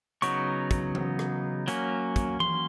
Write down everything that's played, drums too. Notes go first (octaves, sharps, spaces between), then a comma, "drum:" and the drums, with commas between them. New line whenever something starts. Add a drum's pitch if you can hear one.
C#3 F#3 B3 D#4 C#6, drum: hi-hat
drum: kick, hi-hat
drum: tom E3
drum: rim click
F#3 A#3 C#4, drum: hi-hat
drum: kick, hi-hat
C6, drum: tom E3